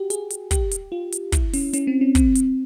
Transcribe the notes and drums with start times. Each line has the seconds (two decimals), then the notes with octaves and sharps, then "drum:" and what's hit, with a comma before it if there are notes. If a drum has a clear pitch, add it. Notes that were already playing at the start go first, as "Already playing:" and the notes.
Already playing: F#4 G4
0.10 G#4, drum: hi-hat
0.30 drum: hi-hat
0.51 G4, drum: kick, hi-hat
0.71 drum: hi-hat
0.92 F4
1.12 drum: hi-hat
1.32 E4, drum: kick, hi-hat
1.53 C#4, drum: open hi-hat
1.73 C#4, drum: hi-hat
1.87 C4
2.01 C#4
2.15 C4, drum: kick, hi-hat
2.35 drum: hi-hat